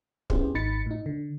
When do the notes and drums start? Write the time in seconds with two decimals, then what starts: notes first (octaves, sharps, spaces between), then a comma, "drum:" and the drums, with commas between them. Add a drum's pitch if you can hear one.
0.30 B3 C#4 E4 G4 G#4 C5, drum: kick
0.55 G#1 D#4 B5 A6 C#7
0.86 A2 D#4
1.06 D3